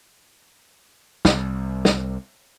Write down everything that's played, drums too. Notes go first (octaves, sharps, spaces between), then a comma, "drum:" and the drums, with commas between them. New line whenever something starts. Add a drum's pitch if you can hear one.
C2, drum: snare
drum: snare